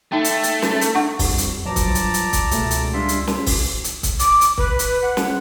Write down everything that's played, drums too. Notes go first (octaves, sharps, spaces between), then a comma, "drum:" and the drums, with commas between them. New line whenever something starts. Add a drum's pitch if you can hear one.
A3 D#4 G5
drum: hi-hat
drum: hi-hat
drum: snare
drum: hi-hat
D4 F#5 C#6
F2 G3, drum: kick C#1, open hi-hat
drum: hi-hat
G2 F3 F#3 D5 A5 A#5
drum: kick C#1, hi-hat
drum: hi-hat
drum: hi-hat
drum: kick C#1, hi-hat
C#2 B2 G#3 A3, drum: hi-hat
drum: hi-hat
G3 G#3 D4 F4 E5 C6
drum: hi-hat
drum: snare
drum: kick C#1, open hi-hat
drum: hi-hat
drum: kick C#1, hi-hat
D6, drum: hi-hat
drum: hi-hat
B4, drum: kick C#1
drum: hi-hat
F#5
drum: snare